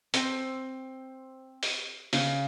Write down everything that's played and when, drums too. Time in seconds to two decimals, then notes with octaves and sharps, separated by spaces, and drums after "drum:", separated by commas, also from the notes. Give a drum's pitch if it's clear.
0.14 C4 G5, drum: hi-hat
1.63 drum: open hi-hat
2.13 C#3, drum: open hi-hat